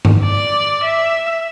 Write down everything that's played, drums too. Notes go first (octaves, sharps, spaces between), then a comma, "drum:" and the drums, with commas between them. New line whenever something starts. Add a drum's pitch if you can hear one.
drum: tom G2
D5
E5